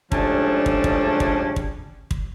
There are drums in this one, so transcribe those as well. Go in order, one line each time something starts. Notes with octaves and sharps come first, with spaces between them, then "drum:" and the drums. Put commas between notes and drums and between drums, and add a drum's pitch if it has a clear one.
G#2 F3 G3 A3 C#4 D4, drum: kick
drum: kick
drum: kick
drum: kick
drum: kick
drum: kick